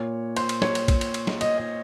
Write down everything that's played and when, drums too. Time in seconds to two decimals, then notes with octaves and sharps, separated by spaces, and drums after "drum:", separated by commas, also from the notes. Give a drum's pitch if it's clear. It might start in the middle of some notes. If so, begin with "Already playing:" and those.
Already playing: A#2 C#5
0.37 C5, drum: cymbal
0.49 drum: cymbal
0.62 C#5, drum: snare
0.75 drum: cymbal
0.88 drum: kick B1, cymbal
1.01 drum: cymbal
1.14 drum: cymbal
1.27 drum: snare
1.41 D#5, drum: cymbal
1.58 D#5